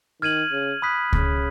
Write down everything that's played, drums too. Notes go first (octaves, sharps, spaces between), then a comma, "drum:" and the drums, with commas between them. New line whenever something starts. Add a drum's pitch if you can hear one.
D#3 F6 G#6 D#7 F#7
C#3
B5 D#6 F#6 B6
C#3, drum: kick C#2